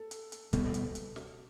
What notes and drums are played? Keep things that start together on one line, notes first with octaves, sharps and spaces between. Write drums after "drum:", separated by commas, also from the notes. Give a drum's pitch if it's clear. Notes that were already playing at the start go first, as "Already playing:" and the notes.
Already playing: A4
drum: hi-hat
drum: hi-hat
C#2 B2 G3 B3 A4, drum: kick, hi-hat
drum: hi-hat
drum: hi-hat
drum: snare